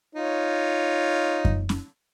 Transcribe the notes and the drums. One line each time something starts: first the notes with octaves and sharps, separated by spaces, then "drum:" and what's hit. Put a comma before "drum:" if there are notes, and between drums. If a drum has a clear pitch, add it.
D#4 F4 C#5
drum: kick F#2
drum: snare C#4